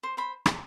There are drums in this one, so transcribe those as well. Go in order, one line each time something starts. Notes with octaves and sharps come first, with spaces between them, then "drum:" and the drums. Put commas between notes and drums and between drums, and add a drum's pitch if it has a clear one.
C5
C5 B5
drum: rim click